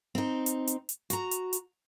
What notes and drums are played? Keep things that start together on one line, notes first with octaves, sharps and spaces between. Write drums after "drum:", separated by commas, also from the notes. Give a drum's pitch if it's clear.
C4 D#4
drum: hi-hat
drum: hi-hat
drum: hi-hat
F#4 A#5, drum: hi-hat
drum: hi-hat
drum: hi-hat